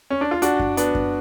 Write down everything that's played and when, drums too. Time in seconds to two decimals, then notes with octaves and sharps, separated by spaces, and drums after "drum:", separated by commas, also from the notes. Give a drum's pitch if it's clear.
0.10 C#4
0.21 D4
0.31 F4
0.42 D4 F#4, drum: hi-hat
0.59 drum: kick F#2
0.77 B3 D4, drum: hi-hat
0.95 drum: kick F#2